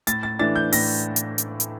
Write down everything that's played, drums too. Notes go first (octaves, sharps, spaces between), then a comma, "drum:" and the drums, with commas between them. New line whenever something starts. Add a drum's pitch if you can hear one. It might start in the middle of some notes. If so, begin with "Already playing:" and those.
A2 A6, drum: hi-hat
A6
E3 A3 D4 A6
G6
A2 A#6, drum: open hi-hat
drum: hi-hat
drum: hi-hat
drum: hi-hat